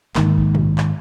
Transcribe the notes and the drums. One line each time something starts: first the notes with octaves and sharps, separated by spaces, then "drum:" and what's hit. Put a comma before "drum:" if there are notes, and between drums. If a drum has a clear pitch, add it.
G#2 D#3 A#3, drum: clap
drum: kick A#1
drum: tom A2
drum: clap